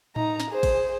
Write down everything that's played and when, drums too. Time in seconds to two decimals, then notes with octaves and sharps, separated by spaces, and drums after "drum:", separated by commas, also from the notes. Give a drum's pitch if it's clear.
0.16 D#4 A#5, drum: tom A2
0.40 drum: snare
0.50 G#4 C5
0.63 drum: kick G#1, cymbal